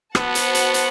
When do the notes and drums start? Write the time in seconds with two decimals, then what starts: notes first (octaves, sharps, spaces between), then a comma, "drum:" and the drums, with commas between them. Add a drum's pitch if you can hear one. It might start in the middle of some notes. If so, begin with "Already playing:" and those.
0.15 B3 F#4 C5 F#5 A5, drum: rim click
0.35 drum: hi-hat
0.54 drum: hi-hat
0.74 drum: hi-hat